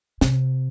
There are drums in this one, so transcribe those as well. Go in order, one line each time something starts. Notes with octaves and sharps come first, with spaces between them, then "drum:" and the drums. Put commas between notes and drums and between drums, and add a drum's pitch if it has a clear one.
C3, drum: snare